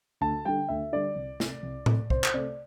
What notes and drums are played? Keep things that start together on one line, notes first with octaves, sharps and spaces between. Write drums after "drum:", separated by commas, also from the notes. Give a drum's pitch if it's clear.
D2 A5
D3 G3 G5
D2 E5
D3 G3 D5
C2
C3 A3, drum: snare
C2
C3 A3, drum: tom A2
C2 C5, drum: kick
drum: clap
C3 A3 D5